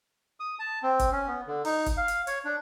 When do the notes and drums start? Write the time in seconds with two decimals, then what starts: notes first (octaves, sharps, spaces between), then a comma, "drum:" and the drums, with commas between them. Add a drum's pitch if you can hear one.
0.40 D#6
0.59 A5
0.83 C4
0.99 drum: kick G1, hi-hat
1.12 C#4
1.28 B3
1.47 D3
1.65 D#4, drum: open hi-hat
1.86 drum: kick G1, hi-hat
1.97 F5
2.08 drum: hi-hat
2.27 C#5, drum: hi-hat
2.45 D4